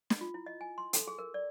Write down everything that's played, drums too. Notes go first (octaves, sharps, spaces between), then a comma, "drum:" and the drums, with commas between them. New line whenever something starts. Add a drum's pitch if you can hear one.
drum: snare
F4
E4
D#5
G#5
C6
A4, drum: hi-hat
G#4
A#4
D5